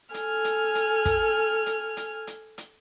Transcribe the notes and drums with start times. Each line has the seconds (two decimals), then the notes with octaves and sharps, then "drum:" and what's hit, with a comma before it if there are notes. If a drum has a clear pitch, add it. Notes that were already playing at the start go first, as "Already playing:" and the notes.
0.14 A4 G#5 F6, drum: hi-hat
0.44 drum: hi-hat
0.75 drum: hi-hat
1.05 drum: kick, hi-hat
1.66 drum: hi-hat
1.97 drum: hi-hat
2.27 drum: hi-hat
2.58 drum: hi-hat